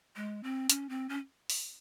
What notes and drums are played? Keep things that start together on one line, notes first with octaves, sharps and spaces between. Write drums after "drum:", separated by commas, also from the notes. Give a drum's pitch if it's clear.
G#3
C4
C#4, drum: hi-hat
C4
C#4
drum: open hi-hat